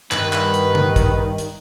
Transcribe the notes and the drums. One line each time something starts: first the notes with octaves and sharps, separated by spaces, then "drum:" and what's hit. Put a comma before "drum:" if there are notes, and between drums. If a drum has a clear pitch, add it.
G2 D#3 G3 B3 B4, drum: clap
drum: clap
drum: hi-hat
drum: tom C#3
drum: kick, hi-hat
drum: hi-hat